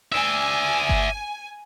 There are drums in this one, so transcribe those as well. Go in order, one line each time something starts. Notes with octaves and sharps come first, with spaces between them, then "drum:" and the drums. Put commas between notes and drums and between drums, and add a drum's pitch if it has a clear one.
D5 E5 G#5
drum: kick G1